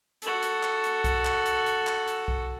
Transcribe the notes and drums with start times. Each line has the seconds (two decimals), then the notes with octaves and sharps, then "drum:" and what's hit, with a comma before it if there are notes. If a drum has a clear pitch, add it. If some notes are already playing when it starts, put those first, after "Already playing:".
0.22 F#4 A4, drum: hi-hat
0.42 drum: hi-hat
0.63 drum: clap
0.84 drum: hi-hat
1.04 drum: kick B1, hi-hat
1.25 drum: clap
1.46 drum: hi-hat
1.66 drum: hi-hat
1.87 drum: clap
2.07 drum: hi-hat
2.28 drum: kick B1